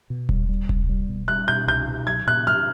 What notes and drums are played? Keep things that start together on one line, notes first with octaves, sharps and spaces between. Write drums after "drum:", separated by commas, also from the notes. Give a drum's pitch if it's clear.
B2
G3, drum: kick D#1
G3
C2, drum: kick D#1
G3
B2
G3 F#6
B2 G6
C2 G6
B2
F#3 G#6
A#2 F#6
F#3 F6